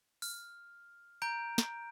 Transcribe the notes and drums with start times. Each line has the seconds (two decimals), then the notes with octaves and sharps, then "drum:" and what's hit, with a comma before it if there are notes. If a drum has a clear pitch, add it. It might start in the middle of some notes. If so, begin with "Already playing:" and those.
0.22 F6, drum: open hi-hat
1.22 A#5 G6 D7
1.58 drum: snare